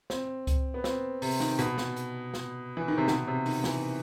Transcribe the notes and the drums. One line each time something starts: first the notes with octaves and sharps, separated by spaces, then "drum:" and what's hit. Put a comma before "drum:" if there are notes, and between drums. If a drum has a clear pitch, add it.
C4, drum: snare
drum: kick C#2, hi-hat
B3
C4, drum: snare
C3, drum: open hi-hat
D#3, drum: snare
B2, drum: hi-hat
drum: snare
drum: hi-hat
drum: snare
E3
D#3
C3
B2, drum: snare
C3
D#3, drum: open hi-hat
E3, drum: snare